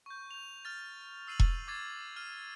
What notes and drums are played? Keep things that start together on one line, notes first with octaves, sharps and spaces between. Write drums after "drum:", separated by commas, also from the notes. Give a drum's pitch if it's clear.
C#6 G6
G6 F7
F6 A6
E6 C7 D#7 F7 F#7
drum: kick E1
D6 G#6 A6 C7
F6 D#7